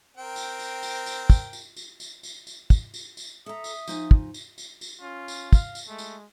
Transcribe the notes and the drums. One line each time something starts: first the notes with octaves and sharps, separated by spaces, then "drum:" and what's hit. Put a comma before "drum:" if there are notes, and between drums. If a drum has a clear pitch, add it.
C4 A#4 G5
drum: tambourine
drum: tambourine
drum: tambourine
drum: tambourine
drum: kick, tambourine
drum: tambourine
drum: tambourine
drum: tambourine
drum: tambourine
drum: tambourine
drum: kick, tambourine
drum: tambourine
drum: tambourine
A4 E5 A#5 D#6
drum: tambourine
F3 D#4 G#5, drum: tambourine
drum: kick
drum: tambourine
drum: tambourine
drum: tambourine
C#4 F4
drum: tambourine
F5, drum: kick, tambourine
drum: tambourine
G#3 A3
drum: tambourine